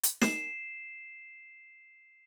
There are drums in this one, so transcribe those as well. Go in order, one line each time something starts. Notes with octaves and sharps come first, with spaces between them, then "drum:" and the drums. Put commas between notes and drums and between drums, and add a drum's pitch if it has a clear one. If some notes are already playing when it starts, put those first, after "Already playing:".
drum: hi-hat
C7 E7, drum: snare